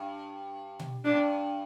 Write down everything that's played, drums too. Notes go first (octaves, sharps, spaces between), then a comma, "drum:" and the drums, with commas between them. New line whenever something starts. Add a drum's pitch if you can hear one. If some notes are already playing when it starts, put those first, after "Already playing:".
Already playing: G2
drum: tom B2
G2 D4